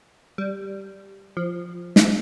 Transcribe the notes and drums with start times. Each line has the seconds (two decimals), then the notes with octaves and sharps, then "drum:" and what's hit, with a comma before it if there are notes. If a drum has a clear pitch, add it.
0.38 G3
1.37 F3
1.96 drum: snare